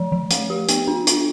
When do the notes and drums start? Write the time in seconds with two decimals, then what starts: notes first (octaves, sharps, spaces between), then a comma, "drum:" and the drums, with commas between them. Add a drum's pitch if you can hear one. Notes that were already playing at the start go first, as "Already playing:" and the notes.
Already playing: F3
0.12 F3
0.31 A3, drum: hi-hat
0.50 G4
0.69 B3, drum: hi-hat
0.88 D4
1.07 F4, drum: hi-hat